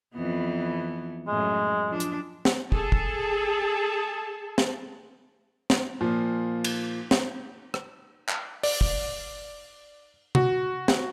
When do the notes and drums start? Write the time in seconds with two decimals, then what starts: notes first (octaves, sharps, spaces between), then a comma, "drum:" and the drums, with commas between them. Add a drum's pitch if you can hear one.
0.14 F2 E3 B3
1.27 F#2 A2 G#3
1.88 F3 D4
2.00 drum: hi-hat
2.45 drum: snare
2.72 G#4 A4 A5, drum: kick
2.92 drum: kick
4.58 drum: snare
5.70 drum: snare
6.01 A#2 F3
6.64 drum: cymbal
7.11 drum: snare
7.74 drum: rim click
8.29 drum: clap
8.63 D5, drum: open hi-hat
8.81 drum: kick
10.35 F#4, drum: tom
10.88 drum: snare